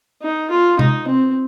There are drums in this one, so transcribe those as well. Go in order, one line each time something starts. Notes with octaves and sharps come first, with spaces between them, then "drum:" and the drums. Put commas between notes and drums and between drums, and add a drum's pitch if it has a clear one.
D#4
F4
D#4, drum: tom C3
C4